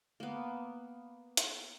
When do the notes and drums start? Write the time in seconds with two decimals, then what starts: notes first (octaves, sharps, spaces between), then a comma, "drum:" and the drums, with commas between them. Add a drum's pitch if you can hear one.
0.20 A#3 B3
1.37 drum: hi-hat